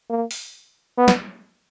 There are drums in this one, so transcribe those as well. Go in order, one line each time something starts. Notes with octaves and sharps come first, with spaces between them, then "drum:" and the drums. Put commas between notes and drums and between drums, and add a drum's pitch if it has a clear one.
A#3
drum: open hi-hat
B3
drum: snare